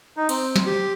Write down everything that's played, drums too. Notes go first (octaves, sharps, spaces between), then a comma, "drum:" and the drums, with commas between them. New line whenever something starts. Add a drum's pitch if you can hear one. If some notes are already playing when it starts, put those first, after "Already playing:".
D#4
C4, drum: cymbal
drum: snare
G4